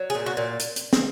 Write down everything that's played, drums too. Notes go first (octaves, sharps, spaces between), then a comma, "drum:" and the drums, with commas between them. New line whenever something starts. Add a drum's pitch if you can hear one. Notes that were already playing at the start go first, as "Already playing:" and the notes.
Already playing: F#3
G#4
A#2
F#4
A#2
drum: hi-hat
drum: hi-hat
drum: snare